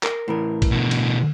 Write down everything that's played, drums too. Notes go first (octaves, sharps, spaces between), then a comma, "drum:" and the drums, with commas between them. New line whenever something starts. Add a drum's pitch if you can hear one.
A#4, drum: clap
A2 E3 A#4
drum: kick, cymbal
B2 D3
drum: cymbal